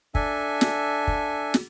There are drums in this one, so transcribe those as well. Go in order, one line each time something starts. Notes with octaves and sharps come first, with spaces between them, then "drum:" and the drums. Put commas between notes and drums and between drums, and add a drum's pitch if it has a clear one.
D4 A4 E5 G#5, drum: kick
drum: snare
drum: kick
drum: snare